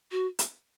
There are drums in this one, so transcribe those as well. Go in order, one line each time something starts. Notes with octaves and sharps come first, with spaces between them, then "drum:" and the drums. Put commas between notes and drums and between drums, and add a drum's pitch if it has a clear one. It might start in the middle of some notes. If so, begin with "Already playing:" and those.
F#4
drum: hi-hat